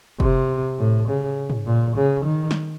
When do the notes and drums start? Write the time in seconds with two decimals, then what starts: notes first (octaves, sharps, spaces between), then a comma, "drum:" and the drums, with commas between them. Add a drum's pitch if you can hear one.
0.20 C3, drum: kick
0.79 A2
1.09 C#3
1.50 drum: tom
1.66 A#2
1.97 C#3
2.25 D#3
2.51 drum: snare